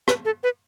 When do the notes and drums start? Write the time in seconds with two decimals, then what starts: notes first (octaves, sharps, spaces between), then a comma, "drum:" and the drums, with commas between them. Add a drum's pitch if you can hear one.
0.08 B4, drum: rim click
0.25 A4
0.43 B4